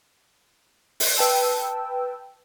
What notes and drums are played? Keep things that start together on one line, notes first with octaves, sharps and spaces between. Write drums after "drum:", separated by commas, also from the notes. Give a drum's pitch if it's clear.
drum: open hi-hat
B4 G5 A5 E6